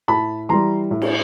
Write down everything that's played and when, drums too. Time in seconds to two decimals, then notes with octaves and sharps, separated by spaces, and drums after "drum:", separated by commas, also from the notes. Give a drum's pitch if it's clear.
0.08 A2 A5 B5
0.49 E3 G3 A#5 C6
0.91 A2
1.02 drum: cymbal